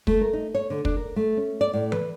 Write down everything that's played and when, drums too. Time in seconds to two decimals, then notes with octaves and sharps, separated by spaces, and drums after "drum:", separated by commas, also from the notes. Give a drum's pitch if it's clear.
0.07 A3, drum: kick
0.21 A#4
0.33 D#4
0.54 C#5
0.70 D3
0.85 D4, drum: kick
0.97 A#4
1.16 A3
1.37 C#4
1.61 D5
1.73 A2
1.92 B4, drum: tom E3